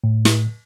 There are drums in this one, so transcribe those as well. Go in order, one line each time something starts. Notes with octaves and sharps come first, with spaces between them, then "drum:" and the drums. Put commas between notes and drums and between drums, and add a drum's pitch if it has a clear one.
A2
drum: snare